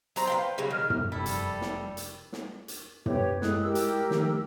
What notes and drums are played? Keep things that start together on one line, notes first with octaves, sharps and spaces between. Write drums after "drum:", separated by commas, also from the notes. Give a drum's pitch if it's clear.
F#3 C5 A#5, drum: hi-hat
B4 F5 G5
C#3 F#3 G3
D#3 F6
drum: tom
F1 G3 E4 A4
drum: hi-hat
drum: snare
drum: hi-hat
drum: snare
drum: hi-hat
G4 B4 C#5, drum: tom
G#3 E4 A4 D#6 F#6, drum: snare
G4 A#4 E6
drum: hi-hat
D#3 F3 A3, drum: snare